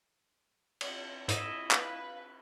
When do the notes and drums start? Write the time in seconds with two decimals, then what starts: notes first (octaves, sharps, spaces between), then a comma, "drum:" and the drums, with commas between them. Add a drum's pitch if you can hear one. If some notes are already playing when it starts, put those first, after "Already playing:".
0.81 drum: cymbal
1.28 G#2 E4 D#5 E5, drum: hi-hat
1.71 B4 F5, drum: clap